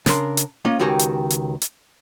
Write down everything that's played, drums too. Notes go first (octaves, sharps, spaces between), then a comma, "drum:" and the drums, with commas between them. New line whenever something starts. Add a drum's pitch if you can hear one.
C#3 D4 A#4 C6, drum: snare
drum: hi-hat
A#3 C#4 F4 D#5
C#2 D#3 F#4 G4 G#5 A#5
drum: hi-hat
drum: hi-hat
drum: hi-hat